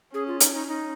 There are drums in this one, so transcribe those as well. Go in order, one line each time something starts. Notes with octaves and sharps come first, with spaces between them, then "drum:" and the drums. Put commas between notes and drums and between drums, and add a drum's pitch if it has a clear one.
C#4 G#4
F4
D#4, drum: hi-hat
D#4
D#4